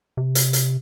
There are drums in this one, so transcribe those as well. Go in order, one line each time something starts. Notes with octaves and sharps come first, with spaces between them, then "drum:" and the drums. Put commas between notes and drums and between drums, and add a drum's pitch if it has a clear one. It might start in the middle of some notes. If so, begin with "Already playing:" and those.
C3
drum: hi-hat
drum: hi-hat